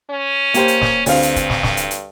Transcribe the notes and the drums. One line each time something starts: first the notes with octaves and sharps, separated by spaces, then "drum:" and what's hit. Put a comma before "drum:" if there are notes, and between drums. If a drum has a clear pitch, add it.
C#4
A#3 G4 C5, drum: hi-hat
drum: hi-hat
drum: snare
D2 G2 C4 F5, drum: open hi-hat
drum: hi-hat
drum: kick, hi-hat
drum: snare
drum: snare
drum: hi-hat
drum: hi-hat